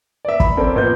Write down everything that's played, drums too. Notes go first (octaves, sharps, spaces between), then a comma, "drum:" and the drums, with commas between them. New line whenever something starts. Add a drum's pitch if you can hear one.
D5 E5
B5, drum: kick
C4 C#4 A4 A#4 D5
F1 A#2 B3 D#5 G6